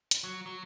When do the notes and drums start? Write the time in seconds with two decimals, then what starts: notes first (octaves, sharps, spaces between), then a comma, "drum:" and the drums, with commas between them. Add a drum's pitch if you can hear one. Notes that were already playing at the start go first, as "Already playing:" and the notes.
0.11 drum: hi-hat
0.24 F#3
0.46 F#3